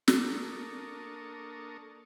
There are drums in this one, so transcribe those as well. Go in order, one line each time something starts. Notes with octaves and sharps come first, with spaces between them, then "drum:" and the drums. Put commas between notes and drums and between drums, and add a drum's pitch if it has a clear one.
A#3 D4 A4 A#4 C#6 D#6, drum: snare